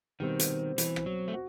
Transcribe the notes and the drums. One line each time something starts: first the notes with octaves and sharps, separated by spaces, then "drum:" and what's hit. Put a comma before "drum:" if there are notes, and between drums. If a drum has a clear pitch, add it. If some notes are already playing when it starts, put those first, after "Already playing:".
B2 D#3 G3 C4
drum: hi-hat
E3, drum: hi-hat
drum: rim click
F#3
A3
F#4